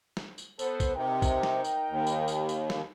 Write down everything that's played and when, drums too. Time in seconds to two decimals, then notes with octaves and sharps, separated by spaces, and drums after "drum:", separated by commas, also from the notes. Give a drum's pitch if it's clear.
0.17 drum: snare
0.38 drum: tambourine
0.59 B3 A4 C5, drum: tambourine
0.80 drum: kick A#1, tambourine
0.96 C3 D#4 A#4 G5
1.22 drum: kick A#1, tambourine
1.43 drum: snare
1.64 drum: tambourine
1.90 D#2
2.07 drum: tambourine
2.28 drum: tambourine
2.49 drum: tambourine
2.70 drum: snare